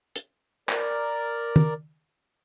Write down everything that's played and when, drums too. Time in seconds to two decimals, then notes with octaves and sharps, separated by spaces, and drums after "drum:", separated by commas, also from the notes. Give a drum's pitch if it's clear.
0.16 drum: hi-hat
0.69 A#4 D5, drum: clap
1.56 drum: tom D#3